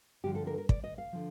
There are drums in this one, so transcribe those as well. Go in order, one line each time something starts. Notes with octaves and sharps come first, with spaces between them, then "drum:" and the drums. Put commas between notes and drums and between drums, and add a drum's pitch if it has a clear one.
G2 D3 F3 G4
A4
A#4
A#4
D5, drum: kick
D#5
F5
D3 F3